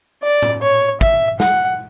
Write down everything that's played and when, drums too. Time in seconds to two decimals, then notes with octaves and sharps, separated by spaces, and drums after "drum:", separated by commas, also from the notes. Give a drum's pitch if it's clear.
0.23 D5
0.42 drum: tom A2
0.62 C#5
1.01 E5, drum: kick
1.40 F#5, drum: snare